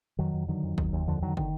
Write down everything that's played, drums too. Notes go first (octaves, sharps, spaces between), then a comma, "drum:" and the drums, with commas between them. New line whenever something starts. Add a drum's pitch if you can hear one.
F2 D#3 F#3
F2
D3 D#3 F#3
F2
D#2, drum: kick
D#2
F2 D3 F3
D3 D#3 F#3
D3 D#3, drum: kick